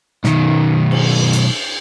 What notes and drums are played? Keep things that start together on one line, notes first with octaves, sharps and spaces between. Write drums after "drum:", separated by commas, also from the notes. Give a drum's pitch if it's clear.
B1 D#3, drum: snare
drum: cymbal
drum: hi-hat